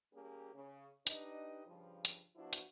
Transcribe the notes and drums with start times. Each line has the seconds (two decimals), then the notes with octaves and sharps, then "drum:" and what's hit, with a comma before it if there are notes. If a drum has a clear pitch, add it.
0.13 G3 A#3 C#4 G4 G#4
0.54 C#3
1.07 D4 D#4 G4 B4 D#5, drum: hi-hat
1.66 G2 C#3 F3
2.05 drum: hi-hat
2.36 F3 B3 D4 E4 F#4
2.53 drum: hi-hat